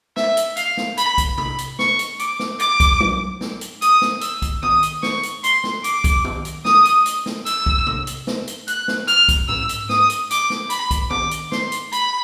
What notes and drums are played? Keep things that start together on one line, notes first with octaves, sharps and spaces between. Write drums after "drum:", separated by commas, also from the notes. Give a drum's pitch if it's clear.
E5, drum: snare
drum: hi-hat
F5, drum: hi-hat
drum: snare
B5, drum: hi-hat
drum: kick B1, hi-hat
B5, drum: tom C3
drum: hi-hat
C#6, drum: snare
drum: hi-hat
D6, drum: hi-hat
drum: snare
D6, drum: hi-hat
drum: kick B1, hi-hat
drum: tom F#3
drum: snare
drum: hi-hat
D#6, drum: hi-hat
drum: snare
E6, drum: hi-hat
drum: kick B1, hi-hat
D#6, drum: tom
drum: hi-hat
C#6, drum: snare
drum: hi-hat
C6, drum: hi-hat
drum: snare
D6, drum: hi-hat
drum: kick B1, hi-hat
drum: tom
drum: hi-hat
D#6, drum: snare
drum: hi-hat
drum: hi-hat
drum: snare
E6, drum: hi-hat
drum: kick B1
drum: tom C3
drum: hi-hat
drum: snare
drum: hi-hat
F#6, drum: hi-hat
drum: snare
F6, drum: hi-hat
drum: kick B1, hi-hat
E6, drum: tom G#2
drum: hi-hat
D#6, drum: snare
drum: hi-hat
D6, drum: hi-hat
drum: snare
B5, drum: hi-hat
drum: kick B1, hi-hat
D6, drum: tom
drum: hi-hat
C6, drum: snare
drum: hi-hat
B5, drum: hi-hat